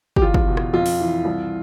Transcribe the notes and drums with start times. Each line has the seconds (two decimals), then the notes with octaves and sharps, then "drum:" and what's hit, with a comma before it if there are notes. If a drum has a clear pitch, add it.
0.16 G4, drum: kick
0.22 E2 F4
0.34 drum: kick
0.48 B2
0.57 drum: rim click
0.73 F2 F4
0.86 drum: open hi-hat
1.00 E3
1.25 C2